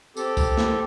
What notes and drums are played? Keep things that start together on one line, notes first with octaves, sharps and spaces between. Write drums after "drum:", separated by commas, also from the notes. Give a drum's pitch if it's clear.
C4 G4 A4, drum: tambourine
drum: kick, tambourine
drum: snare